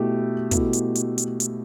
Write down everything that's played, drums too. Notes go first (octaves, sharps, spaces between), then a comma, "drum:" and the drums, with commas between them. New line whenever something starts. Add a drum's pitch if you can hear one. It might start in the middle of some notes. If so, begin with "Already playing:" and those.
Already playing: B2 A3 E4 G4
B2 A3 E4 G4, drum: kick, hi-hat
drum: hi-hat
drum: hi-hat
drum: hi-hat
drum: hi-hat